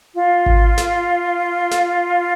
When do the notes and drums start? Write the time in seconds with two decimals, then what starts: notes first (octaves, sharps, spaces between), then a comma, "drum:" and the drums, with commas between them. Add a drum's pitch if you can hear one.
0.15 F4
0.46 drum: kick G#1
0.78 drum: snare
1.71 drum: snare